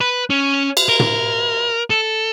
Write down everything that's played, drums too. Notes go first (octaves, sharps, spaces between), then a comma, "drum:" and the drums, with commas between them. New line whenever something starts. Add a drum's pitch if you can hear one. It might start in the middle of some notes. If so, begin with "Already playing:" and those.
B4
C#4
drum: cymbal
A#4
drum: tom
A4